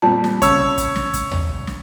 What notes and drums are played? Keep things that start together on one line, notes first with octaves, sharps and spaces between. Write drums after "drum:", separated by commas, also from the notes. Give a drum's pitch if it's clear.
F2 A#2 G3 A5
drum: snare
C#3 C#5 E6, drum: kick, hi-hat
drum: kick, hi-hat
drum: snare
drum: kick, hi-hat
drum: tom D#2
drum: kick
drum: snare